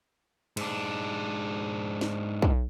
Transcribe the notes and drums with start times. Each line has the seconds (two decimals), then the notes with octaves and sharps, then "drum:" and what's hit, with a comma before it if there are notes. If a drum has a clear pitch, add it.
0.57 G#2 D4, drum: cymbal
2.01 drum: snare
2.42 drum: kick